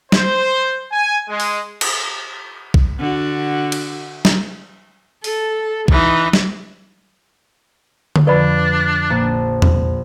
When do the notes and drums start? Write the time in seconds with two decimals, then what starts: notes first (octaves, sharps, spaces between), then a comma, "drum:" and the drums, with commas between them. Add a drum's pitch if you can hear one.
0.12 C5, drum: snare
0.92 G#5
1.29 G#3
1.40 drum: open hi-hat
1.81 drum: cymbal
2.74 drum: kick A#1
2.99 D3 F#4
3.72 drum: cymbal
4.25 drum: snare
5.24 A4, drum: open hi-hat
5.88 E3 D#4, drum: kick A#1
6.33 drum: snare
8.16 drum: tom D3
8.27 F2 D3 F3 D4 B4 D5 B5
9.10 A#1 A#3 A5
9.62 drum: tom E2